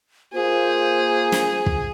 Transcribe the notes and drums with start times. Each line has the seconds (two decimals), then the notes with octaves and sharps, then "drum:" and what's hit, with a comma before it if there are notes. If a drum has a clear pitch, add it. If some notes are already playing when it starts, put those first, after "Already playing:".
0.34 A#3 F4 G#4 C5
1.32 drum: snare
1.66 drum: kick